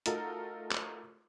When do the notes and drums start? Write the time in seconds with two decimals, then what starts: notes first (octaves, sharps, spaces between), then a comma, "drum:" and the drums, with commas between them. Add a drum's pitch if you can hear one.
0.06 A3 D#4 F4 F#4 A4 A#4, drum: hi-hat
0.72 drum: clap